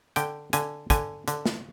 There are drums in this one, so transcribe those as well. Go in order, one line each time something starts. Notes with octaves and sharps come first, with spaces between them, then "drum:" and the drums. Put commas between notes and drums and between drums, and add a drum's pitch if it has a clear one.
D3 G5, drum: hi-hat
D3 G#5, drum: hi-hat
D3 G#5, drum: kick, hi-hat
D3, drum: hi-hat
drum: snare